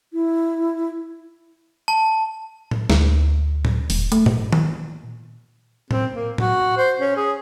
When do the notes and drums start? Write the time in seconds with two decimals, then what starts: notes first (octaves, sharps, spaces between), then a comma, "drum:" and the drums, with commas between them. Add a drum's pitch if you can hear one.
0.13 E4
1.88 A5
2.71 drum: tom A2
2.90 D2, drum: snare
3.65 drum: tom A2
3.90 E1, drum: open hi-hat
4.12 A3, drum: hi-hat
4.26 A#2, drum: tom G#2
4.53 drum: tom D#3
5.91 C4, drum: tom A2
6.14 A#3
6.38 F#4, drum: tom A2
6.78 C5
7.00 C#4
7.17 G#4